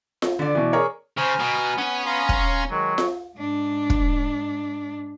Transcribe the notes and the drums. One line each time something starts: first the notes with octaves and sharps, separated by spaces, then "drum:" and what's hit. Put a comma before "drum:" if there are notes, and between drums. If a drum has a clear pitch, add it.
drum: snare F4
D3 B3 D5
B2 E3
G#4 A#4 C#5
C#3 C5 G#5 A#5 F6
B2 B3
C#4 F#5 G#5
F5 A#5 C6
drum: kick
D#3 F#3 G#3
drum: snare F4
G#2 D4
drum: kick